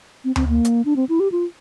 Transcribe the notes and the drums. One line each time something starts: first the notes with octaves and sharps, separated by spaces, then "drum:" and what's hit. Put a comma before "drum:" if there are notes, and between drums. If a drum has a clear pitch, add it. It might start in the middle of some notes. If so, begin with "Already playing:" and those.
C4
C4, drum: tom D2
A#3
drum: hi-hat
D4
C4
E4
G4
F4